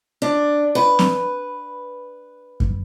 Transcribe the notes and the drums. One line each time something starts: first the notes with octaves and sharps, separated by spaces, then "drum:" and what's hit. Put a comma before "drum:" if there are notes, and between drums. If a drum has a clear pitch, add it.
D4
B4
drum: snare C4
drum: kick F#2